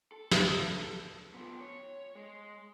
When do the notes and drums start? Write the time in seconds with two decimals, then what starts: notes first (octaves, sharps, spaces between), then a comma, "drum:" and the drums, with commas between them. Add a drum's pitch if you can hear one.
0.12 A4
0.31 drum: snare
1.34 B3 F4
1.61 C#5
2.15 G#3